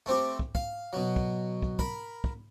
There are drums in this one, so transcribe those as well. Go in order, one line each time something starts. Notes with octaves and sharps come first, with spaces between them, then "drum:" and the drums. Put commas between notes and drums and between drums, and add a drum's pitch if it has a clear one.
A3 C4 G4
drum: kick
F5, drum: kick
B2 F#3
drum: kick
drum: kick
A#4 B5, drum: kick
drum: kick